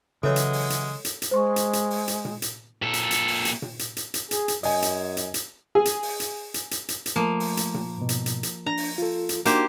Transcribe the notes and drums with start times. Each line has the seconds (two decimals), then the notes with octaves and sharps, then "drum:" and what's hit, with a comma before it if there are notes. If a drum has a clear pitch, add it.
0.23 C#3 E3 F#3 G#3 A4 C#5
0.36 drum: hi-hat
0.53 drum: open hi-hat
0.70 drum: hi-hat
1.05 drum: hi-hat
1.22 drum: hi-hat
1.31 G#3 C5 C6 C#6
1.56 drum: hi-hat
1.73 drum: hi-hat
1.90 drum: open hi-hat
2.08 drum: hi-hat
2.25 drum: tom A#2
2.42 drum: hi-hat
2.82 A#2 A4
2.93 drum: hi-hat
3.11 drum: hi-hat
3.28 drum: open hi-hat
3.45 drum: hi-hat
3.62 drum: tom A#2
3.79 drum: hi-hat
3.97 drum: hi-hat
4.14 drum: hi-hat
4.31 G#4, drum: hi-hat
4.48 drum: hi-hat
4.63 F#2 D#5 G#5, drum: open hi-hat
4.82 drum: hi-hat
5.17 drum: hi-hat
5.34 drum: hi-hat
5.75 G#4
5.85 drum: hi-hat
6.03 drum: open hi-hat
6.20 drum: hi-hat
6.54 drum: hi-hat
6.71 drum: hi-hat
6.88 drum: hi-hat
7.06 drum: hi-hat
7.16 F3 A3 A#3
7.40 drum: open hi-hat
7.57 drum: hi-hat
7.74 drum: tom A#2
7.98 G#2 B2
8.09 drum: hi-hat
8.26 drum: hi-hat
8.43 drum: hi-hat
8.66 D4 A#5
8.77 drum: open hi-hat
8.98 F4 A4
9.29 drum: hi-hat
9.45 A#3 D4 D#4 F#4 G4 C5, drum: hi-hat